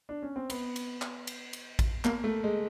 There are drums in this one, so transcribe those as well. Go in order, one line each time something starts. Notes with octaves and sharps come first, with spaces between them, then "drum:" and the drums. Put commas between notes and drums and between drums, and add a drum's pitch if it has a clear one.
D4
C#4
C4
B3, drum: cymbal
drum: cymbal
drum: clap
drum: cymbal
drum: cymbal
drum: kick A1, cymbal
A#3, drum: clap
A3
G#3